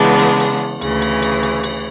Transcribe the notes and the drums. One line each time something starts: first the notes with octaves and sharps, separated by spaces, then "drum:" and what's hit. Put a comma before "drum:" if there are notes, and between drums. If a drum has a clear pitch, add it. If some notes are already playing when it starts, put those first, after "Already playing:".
Already playing: C#3 E3 G#3 B3 D4
drum: cymbal
drum: cymbal
D2 C#3 E3, drum: cymbal
drum: cymbal
drum: cymbal
drum: cymbal
drum: cymbal